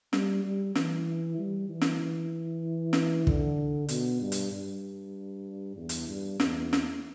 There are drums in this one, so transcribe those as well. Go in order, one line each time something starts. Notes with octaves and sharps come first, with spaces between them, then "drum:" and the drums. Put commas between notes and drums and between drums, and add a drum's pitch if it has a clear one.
G3, drum: snare
G3
E3, drum: snare
G3
E3
drum: snare
E3
drum: snare
D3, drum: kick
B2, drum: hi-hat
G2
drum: hi-hat
G2
E2
drum: hi-hat
G2
E2, drum: snare
drum: snare